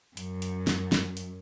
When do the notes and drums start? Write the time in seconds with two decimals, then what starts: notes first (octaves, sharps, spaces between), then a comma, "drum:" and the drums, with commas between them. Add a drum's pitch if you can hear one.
0.17 F#2, drum: hi-hat
0.42 drum: hi-hat
0.67 drum: snare
0.92 drum: snare
1.17 drum: hi-hat